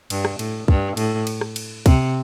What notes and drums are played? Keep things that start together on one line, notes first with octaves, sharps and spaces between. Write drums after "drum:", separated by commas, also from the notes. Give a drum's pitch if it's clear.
G2, drum: cymbal
drum: rim click
A2, drum: cymbal
G2, drum: kick
A2, drum: cymbal
drum: cymbal
drum: rim click
drum: cymbal
C3, drum: kick, cymbal